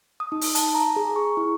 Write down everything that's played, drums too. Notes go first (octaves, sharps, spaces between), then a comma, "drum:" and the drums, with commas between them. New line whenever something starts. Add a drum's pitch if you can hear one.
D#6
D#4
drum: open hi-hat
A5, drum: hi-hat
A#5
G#4
C#6
E4